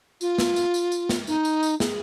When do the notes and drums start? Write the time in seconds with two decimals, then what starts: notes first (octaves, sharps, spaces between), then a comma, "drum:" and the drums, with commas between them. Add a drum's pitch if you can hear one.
0.21 F4, drum: tambourine
0.38 drum: snare
0.56 drum: tambourine
0.74 drum: tambourine
0.92 drum: tambourine
1.09 drum: snare
1.27 D#4, drum: tambourine
1.45 drum: tambourine
1.63 drum: tambourine
1.80 G#4, drum: snare